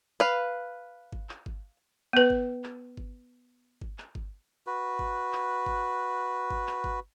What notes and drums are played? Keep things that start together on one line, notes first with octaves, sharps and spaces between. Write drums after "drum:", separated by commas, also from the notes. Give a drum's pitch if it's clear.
B4 F5
drum: kick G1
drum: clap
drum: kick G1
B3 B4
drum: kick G1
drum: clap
drum: kick G1
drum: kick G1
drum: clap
drum: kick G1
F#4 B4
drum: kick G1
drum: clap
drum: kick G1
drum: kick G1
drum: clap
drum: kick G1